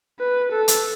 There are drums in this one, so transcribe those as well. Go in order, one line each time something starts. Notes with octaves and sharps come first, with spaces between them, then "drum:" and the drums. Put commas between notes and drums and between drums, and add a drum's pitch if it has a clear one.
B4
A4
drum: hi-hat